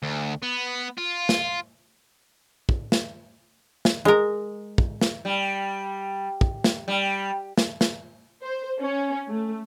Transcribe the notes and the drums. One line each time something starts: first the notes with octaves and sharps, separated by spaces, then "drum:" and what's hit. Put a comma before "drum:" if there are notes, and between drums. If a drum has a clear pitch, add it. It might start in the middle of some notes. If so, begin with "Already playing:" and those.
D2
B3
F4
drum: snare
drum: kick
drum: snare
drum: snare
G#3 A#4
drum: kick
drum: snare
G3
drum: kick
drum: snare
G3
drum: snare
drum: snare
C5
C#4
A3